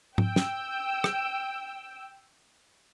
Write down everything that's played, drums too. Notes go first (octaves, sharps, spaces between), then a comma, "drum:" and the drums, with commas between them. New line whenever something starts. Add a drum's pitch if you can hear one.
G5 E6, drum: tom G#2
drum: snare
drum: rim click